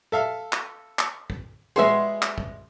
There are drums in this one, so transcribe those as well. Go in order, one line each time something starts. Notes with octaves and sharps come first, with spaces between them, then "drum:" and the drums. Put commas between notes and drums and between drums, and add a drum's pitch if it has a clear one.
A4 E5 F5
drum: clap
drum: clap
drum: kick
G3 G#3 B3 F#4 G#4 E5 C6
drum: clap
drum: kick